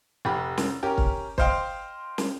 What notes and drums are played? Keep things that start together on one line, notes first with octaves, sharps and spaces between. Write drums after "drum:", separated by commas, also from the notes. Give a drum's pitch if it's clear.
F1 G4 B5
drum: snare
C#4 G4 A#4
drum: kick
C5 D#5 F5 G5 C6, drum: kick
drum: snare